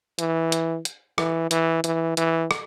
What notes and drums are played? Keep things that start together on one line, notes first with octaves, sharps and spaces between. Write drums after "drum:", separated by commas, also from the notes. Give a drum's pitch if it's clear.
E3, drum: hi-hat
drum: hi-hat
drum: hi-hat
E3, drum: rim click
E3, drum: hi-hat
E3, drum: hi-hat
E3, drum: hi-hat
drum: rim click